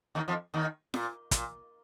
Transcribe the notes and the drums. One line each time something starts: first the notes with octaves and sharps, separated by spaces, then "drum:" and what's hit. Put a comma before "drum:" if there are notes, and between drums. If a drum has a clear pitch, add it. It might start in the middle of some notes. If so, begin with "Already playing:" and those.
D#2 D#3
F2 F3
D#2 D#3
A#2, drum: snare F4
A#2, drum: kick, hi-hat